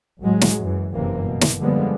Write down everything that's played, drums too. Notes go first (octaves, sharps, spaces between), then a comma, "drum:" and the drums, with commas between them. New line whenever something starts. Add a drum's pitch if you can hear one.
C2 A2 F#3 G#3
drum: snare
F#2 E3
F#1 G2 C3 E3 A#3
B2
drum: snare
D3 F3 G3 G#3 A#3 B3